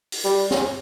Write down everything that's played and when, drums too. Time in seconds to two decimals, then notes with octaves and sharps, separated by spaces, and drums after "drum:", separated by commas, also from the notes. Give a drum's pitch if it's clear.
0.12 drum: open hi-hat
0.24 G3
0.51 drum: snare